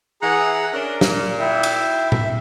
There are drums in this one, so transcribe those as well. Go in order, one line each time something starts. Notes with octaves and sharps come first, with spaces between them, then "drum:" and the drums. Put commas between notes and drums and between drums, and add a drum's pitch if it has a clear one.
E3 G#4 F#5 A#5
C#4 D4 A#4
A#2, drum: snare
E4 E5 G5
drum: cymbal
E5, drum: tom A#2